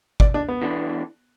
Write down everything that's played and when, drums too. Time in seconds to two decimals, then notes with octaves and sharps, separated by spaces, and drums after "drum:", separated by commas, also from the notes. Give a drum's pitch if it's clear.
0.20 D5, drum: kick
0.34 D4
0.48 B3
0.62 E2 E3 D4 A4